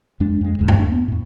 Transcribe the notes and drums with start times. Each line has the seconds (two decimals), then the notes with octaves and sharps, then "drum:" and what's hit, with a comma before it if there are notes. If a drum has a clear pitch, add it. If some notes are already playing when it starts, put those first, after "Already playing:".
0.20 F2 G#3 D4
0.41 F2 G#3
0.59 D#1 C#2 G#2
0.68 drum: tom F#2
0.78 D#2 A3 D4
0.92 B3
1.08 F2 A2